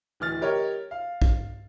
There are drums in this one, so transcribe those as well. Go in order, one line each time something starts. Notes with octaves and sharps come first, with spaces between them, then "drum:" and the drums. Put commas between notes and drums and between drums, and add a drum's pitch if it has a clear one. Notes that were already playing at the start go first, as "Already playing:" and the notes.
D1 E3 F6 A6
G4 A#4 C#5 D#5
F5
drum: kick